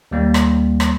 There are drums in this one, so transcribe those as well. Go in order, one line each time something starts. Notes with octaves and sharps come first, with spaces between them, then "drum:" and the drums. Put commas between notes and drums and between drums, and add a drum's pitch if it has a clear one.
D#2 G3 A#3
drum: rim click
drum: rim click